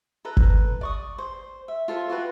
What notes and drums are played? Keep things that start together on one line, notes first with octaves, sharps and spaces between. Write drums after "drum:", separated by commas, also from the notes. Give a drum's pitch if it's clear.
A4 B4 A#5
drum: kick G1
D5 C#6 D#6
C5
E5
F4 A4 C5 E5
F4 F#4 B4 G5